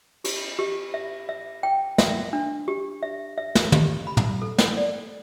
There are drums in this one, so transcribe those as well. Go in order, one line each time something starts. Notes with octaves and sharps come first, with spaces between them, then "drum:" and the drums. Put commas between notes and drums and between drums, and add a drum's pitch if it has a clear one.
G4, drum: cymbal
G4
E5
E5
G5
E5, drum: snare
D4
G4
E5
E5
drum: snare
G4, drum: tom
B5
drum: tom
A4
drum: snare
D5